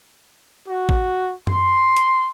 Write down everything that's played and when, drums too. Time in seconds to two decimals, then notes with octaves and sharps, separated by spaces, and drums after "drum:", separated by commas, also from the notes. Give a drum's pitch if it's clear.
0.67 F#4
0.89 drum: kick
1.47 C6, drum: tom F#2
1.97 drum: hi-hat